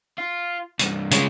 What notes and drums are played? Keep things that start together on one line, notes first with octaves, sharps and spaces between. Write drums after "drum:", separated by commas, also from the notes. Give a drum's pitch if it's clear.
F4
C2 G2, drum: hi-hat
C#3 G#3, drum: hi-hat